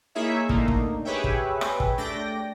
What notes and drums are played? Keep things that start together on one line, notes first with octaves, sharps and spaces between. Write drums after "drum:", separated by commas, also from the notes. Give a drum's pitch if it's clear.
A#3 D#4 E4 G#4 C#5 E5
D3 A3 A#3 D#4, drum: kick
drum: kick
G4 G#4 B4 C#5 E5 G5
drum: kick
drum: rim click
drum: kick
A3 D4 D5 G5 A#6